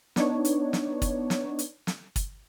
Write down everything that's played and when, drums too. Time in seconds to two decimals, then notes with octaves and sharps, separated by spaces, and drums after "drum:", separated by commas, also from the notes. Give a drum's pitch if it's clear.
0.16 B3 D4 D#4 C#5, drum: snare
0.45 drum: hi-hat
0.73 drum: snare
1.02 drum: kick, hi-hat
1.30 drum: snare
1.59 drum: hi-hat
1.87 drum: snare
2.16 drum: kick, hi-hat